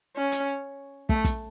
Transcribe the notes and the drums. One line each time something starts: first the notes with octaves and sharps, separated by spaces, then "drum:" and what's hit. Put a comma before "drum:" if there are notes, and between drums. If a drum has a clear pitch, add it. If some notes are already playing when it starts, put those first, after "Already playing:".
C#4
drum: hi-hat
A3, drum: kick
drum: kick, hi-hat